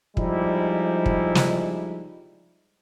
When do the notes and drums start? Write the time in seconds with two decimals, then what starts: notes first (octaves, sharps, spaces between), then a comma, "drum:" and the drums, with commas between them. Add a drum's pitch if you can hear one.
0.17 F3 G3 G#3 D#4 E4, drum: kick
1.06 drum: kick
1.35 drum: snare